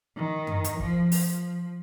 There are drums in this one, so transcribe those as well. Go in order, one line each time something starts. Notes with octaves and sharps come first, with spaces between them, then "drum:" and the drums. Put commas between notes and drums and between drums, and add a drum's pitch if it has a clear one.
D#3
drum: tom F#2
drum: hi-hat
F3, drum: kick
F3, drum: open hi-hat